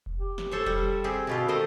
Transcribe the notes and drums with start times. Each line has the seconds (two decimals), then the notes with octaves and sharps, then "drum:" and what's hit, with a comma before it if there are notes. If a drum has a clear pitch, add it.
0.06 drum: kick F1
0.19 G4
0.38 drum: snare
0.51 A4 C5 C#5
0.66 G3, drum: kick F1
1.04 C4 G4 G#4
1.27 B2 C4 F4 G4
1.48 D#3 A4 C5 D#5